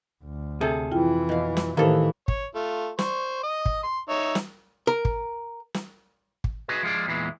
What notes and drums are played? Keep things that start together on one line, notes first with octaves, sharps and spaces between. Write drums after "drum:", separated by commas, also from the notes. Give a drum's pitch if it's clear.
D2
C3 G#4 A4
F2 E3 E4 F4 G5
B2 F5
drum: snare
A2 D#3 E3 A#3 G4 A4 A#4 C5
C#5, drum: kick
A3 F4
C5 C#6, drum: snare
D#5 D#6
drum: kick
C6
D#4 C#5 E5
drum: snare
A#4
drum: kick
drum: snare
drum: kick
F#4 G#4 B4 D#5
F3 G#3 F4 G#4 D5
E2 A#2 E3 G#3